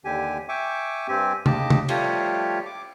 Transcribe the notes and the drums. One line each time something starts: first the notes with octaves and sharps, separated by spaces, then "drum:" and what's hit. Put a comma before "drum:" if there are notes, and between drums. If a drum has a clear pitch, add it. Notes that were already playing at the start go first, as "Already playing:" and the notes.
D#2 D3 G4 G#5
E5 G5 G#5 C#6 D6
G2 C4 G4 G#5
D#2 C#3 G4 D#5 A5 D6, drum: tom C3
drum: tom C3
F3 G3 A3 F4 G4 C#5, drum: cymbal
D6